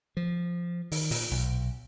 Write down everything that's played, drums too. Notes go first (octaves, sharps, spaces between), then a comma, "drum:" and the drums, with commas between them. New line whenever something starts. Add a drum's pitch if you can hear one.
F3
D#3, drum: open hi-hat
A#2, drum: open hi-hat
B1